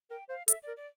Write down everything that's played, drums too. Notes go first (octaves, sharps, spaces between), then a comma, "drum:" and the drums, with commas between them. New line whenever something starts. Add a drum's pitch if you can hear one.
A#4 G5
C5 F5
A4 E5, drum: hi-hat
A#4 D5
D5